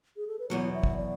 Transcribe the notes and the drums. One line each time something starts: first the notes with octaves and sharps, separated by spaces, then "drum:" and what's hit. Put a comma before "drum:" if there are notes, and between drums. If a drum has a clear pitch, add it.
G#4
A4
B4
E2 B2 F#3 C#5
E5
drum: kick
D5